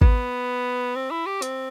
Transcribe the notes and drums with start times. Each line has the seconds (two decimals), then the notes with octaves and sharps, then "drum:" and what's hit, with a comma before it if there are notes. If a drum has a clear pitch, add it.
0.02 B3, drum: kick G#1
0.96 C4
1.11 E4
1.26 G4
1.42 C4, drum: hi-hat